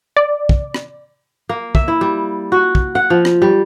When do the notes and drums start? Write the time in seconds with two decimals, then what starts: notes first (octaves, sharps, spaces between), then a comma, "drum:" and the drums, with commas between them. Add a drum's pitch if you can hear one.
0.17 D5
0.49 drum: kick
0.74 drum: rim click
1.49 A#3
1.75 E5, drum: kick
1.88 E4
2.01 G3
2.52 F#4
2.75 drum: kick
2.95 F#5
3.10 F3
3.25 drum: rim click
3.42 G3